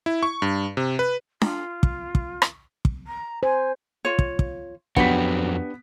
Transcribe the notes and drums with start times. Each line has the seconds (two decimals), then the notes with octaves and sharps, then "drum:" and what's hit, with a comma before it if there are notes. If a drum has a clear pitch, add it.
0.06 E4
0.23 C#6
0.42 G2
0.77 C3
0.99 B4
1.42 F4, drum: snare D4
1.83 drum: kick
2.15 drum: kick
2.42 drum: rim click
2.85 drum: kick
3.07 A#5
3.43 C5 G#5
4.05 F4 C#5
4.19 drum: kick
4.39 drum: kick
4.96 F2 F#3 B3 D4 G4 F#5 B6, drum: kick